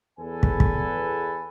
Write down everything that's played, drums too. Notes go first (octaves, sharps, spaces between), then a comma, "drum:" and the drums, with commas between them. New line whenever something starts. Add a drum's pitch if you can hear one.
E2 A4 B4 G#5
drum: kick
drum: kick